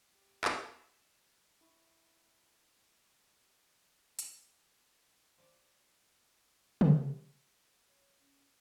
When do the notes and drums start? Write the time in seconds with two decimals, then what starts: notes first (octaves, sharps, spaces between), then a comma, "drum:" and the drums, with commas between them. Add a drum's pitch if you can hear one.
0.12 G4
0.44 drum: clap
0.67 E5
1.61 E4 B5 C#6
4.19 drum: hi-hat
5.38 F3 D5
6.81 drum: tom
7.86 C#5
8.19 C#4